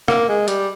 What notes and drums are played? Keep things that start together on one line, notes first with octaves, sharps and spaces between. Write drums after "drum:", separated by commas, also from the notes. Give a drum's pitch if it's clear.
A#3, drum: rim click
G#3
G3, drum: hi-hat